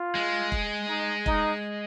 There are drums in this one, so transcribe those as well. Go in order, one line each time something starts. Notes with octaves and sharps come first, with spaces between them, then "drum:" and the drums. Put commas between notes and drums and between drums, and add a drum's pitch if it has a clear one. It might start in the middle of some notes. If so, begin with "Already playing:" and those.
Already playing: F4
G#3
drum: kick
D#4
D#4, drum: kick